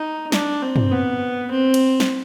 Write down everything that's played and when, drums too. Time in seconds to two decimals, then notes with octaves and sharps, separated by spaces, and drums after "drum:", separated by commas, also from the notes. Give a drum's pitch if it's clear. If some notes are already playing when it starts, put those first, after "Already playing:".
Already playing: D#4
0.32 D4, drum: snare
0.62 C4
0.76 drum: tom
0.92 B3
1.51 C4
1.74 drum: cymbal
2.00 drum: snare